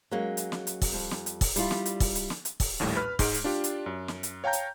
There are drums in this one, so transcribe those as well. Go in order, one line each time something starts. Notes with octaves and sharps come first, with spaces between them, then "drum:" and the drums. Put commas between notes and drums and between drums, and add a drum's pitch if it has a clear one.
F#3 G#3 A#3 C#4
drum: hi-hat
drum: snare
drum: hi-hat
drum: kick, open hi-hat
F2 G3
drum: snare
drum: hi-hat
drum: kick, open hi-hat
G3 D4 E4 F4, drum: hi-hat
drum: snare
drum: hi-hat
drum: kick, open hi-hat
drum: hi-hat
drum: snare
drum: hi-hat
drum: kick, open hi-hat
A#1 D#2 A2 G3
B4 B5 F6
G#2 G#3 D7, drum: kick, open hi-hat
drum: hi-hat
D4 F4 G4 D5
drum: hi-hat
F#2
drum: snare
drum: hi-hat
C#5 F5 G5 A5 A#5 G6
drum: hi-hat